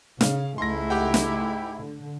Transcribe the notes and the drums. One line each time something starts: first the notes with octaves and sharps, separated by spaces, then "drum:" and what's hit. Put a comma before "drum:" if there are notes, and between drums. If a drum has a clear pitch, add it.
C#3 F5, drum: snare
C#2 G#2 A3 E4 C6 A#6
G4 F#5 G5
drum: snare
D3